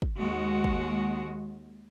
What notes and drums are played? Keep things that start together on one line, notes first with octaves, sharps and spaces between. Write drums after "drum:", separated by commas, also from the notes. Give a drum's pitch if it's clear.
drum: kick
D#2 G#3 F#4
drum: kick